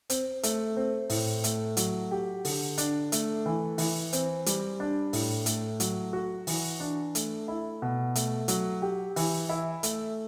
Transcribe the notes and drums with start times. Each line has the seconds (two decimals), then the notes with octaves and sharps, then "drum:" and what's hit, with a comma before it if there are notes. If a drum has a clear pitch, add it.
0.10 C4, drum: hi-hat
0.43 A3, drum: hi-hat
0.76 C4
1.10 A2, drum: open hi-hat
1.44 A3, drum: hi-hat
1.77 F#3, drum: hi-hat
2.11 G4
2.45 D3, drum: open hi-hat
2.78 D4, drum: hi-hat
3.12 A3, drum: hi-hat
3.46 E3
3.78 E3, drum: open hi-hat
4.13 C4, drum: hi-hat
4.46 G3, drum: hi-hat
4.80 D4
5.13 A2, drum: open hi-hat
5.46 A3, drum: hi-hat
5.80 F#3, drum: hi-hat
6.13 F#4
6.47 E3, drum: open hi-hat
6.80 D4
7.15 A3, drum: hi-hat
7.48 E4
7.82 B2
8.15 A3, drum: hi-hat
8.48 F#3, drum: hi-hat
8.82 G4
9.16 E3, drum: open hi-hat
9.49 E4
9.83 A3, drum: hi-hat